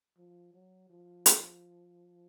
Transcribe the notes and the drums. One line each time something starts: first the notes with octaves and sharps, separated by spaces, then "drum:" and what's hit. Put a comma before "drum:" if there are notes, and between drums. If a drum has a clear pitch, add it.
F3
F#3
F3
drum: hi-hat